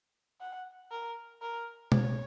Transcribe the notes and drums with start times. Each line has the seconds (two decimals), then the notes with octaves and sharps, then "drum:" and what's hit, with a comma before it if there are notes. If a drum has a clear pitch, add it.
0.40 F#5
0.91 A#4
1.42 A#4
1.92 C#5, drum: tom B2